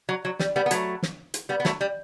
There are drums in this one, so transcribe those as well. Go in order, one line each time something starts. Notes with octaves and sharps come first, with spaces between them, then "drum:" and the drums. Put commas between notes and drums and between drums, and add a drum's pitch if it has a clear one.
F#3
F#3
G3, drum: snare
G3 B3
B3
F#3 A3, drum: hi-hat
drum: snare
drum: hi-hat
G3 B3
B3
F#3 A3, drum: snare
G3